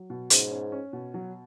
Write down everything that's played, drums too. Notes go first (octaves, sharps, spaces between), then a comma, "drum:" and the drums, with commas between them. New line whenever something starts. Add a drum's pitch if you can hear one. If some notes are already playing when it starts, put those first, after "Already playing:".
Already playing: F#3
B2
G#2 C#4, drum: hi-hat
C#4
C#4
B2
F#3